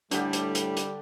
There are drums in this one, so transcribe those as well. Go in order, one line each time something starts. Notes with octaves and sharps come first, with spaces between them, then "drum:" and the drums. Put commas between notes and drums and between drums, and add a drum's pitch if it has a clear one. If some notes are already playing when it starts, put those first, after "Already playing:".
A2 D3 G3 D4 G4, drum: hi-hat
drum: hi-hat
drum: hi-hat
drum: hi-hat